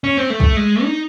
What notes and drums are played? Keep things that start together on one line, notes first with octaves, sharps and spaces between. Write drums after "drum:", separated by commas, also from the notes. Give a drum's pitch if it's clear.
C#4
C4
A3
drum: kick
G#3
D#4